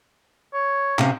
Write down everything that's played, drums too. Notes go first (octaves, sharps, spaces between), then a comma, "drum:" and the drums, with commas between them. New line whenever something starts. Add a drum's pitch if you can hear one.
C#5
C3 C#4 F5, drum: clap